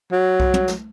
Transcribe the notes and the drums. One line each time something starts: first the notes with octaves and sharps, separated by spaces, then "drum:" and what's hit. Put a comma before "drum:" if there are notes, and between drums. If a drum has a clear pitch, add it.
F#3
drum: kick B1
drum: tom
drum: snare